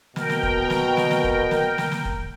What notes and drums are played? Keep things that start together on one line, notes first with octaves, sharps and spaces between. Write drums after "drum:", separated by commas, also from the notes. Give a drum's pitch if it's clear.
B2 A#4 G5, drum: snare
drum: snare
drum: kick
drum: snare
drum: snare
drum: snare
drum: kick
drum: snare
drum: snare
drum: snare
drum: kick